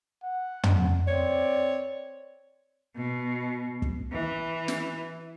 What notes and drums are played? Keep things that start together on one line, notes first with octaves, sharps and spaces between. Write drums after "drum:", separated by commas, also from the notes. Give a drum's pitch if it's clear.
F#5
drum: tom
C4 C#5 D5
B2
drum: kick
E3
drum: snare